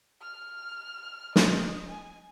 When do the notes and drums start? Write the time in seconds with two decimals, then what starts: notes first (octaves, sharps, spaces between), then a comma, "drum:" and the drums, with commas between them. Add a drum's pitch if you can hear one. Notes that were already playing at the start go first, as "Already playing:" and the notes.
0.22 F6
1.36 D#5, drum: snare
1.89 G#5